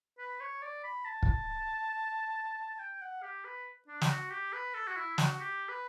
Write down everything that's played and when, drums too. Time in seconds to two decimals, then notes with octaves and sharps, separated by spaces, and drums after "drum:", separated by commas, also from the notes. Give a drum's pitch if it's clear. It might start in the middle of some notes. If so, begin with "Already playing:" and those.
0.18 B4
0.40 C#5
0.62 D5
0.84 B5
1.05 A5
1.23 drum: kick
2.79 G5
3.01 F#5
3.22 G4
3.44 B4
3.88 D4
4.01 G4, drum: snare
4.09 F#4
4.31 G4
4.53 B4
4.74 A4
4.87 F#4
4.96 E4
5.18 F#4, drum: snare
5.40 G4
5.69 B4